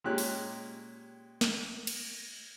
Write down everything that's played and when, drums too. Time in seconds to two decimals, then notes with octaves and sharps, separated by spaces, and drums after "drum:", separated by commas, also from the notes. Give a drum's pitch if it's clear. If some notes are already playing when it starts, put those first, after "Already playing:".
0.04 A#2 G#3 C#4 G4 F#6
0.18 drum: open hi-hat
1.41 drum: snare
1.87 drum: cymbal